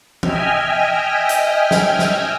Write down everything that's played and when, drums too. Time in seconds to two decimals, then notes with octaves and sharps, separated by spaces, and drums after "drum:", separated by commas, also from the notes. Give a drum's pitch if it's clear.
0.23 D#5 E5 G5 G#5 F6, drum: tom E3
1.29 drum: hi-hat
1.71 drum: snare
1.99 drum: snare